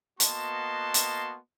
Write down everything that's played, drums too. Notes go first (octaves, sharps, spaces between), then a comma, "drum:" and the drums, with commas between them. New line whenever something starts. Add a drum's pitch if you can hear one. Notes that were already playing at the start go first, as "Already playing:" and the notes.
A#3 B3 F#4 D#5 A5 C6, drum: hi-hat
drum: hi-hat